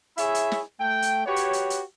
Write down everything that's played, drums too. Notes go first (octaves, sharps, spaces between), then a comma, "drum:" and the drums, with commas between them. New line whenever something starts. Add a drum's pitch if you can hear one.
E4 G#4 C#5 E5, drum: hi-hat
drum: hi-hat
drum: snare
A3 G5
drum: hi-hat
F#4 G4 B4 C#5
drum: hi-hat
drum: hi-hat
drum: hi-hat